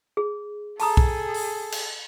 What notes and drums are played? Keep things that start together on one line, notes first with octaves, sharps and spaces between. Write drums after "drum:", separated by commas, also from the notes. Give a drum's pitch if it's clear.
G#4
G#4 A4 A5 A#5 D#6, drum: open hi-hat
drum: kick
drum: open hi-hat
drum: cymbal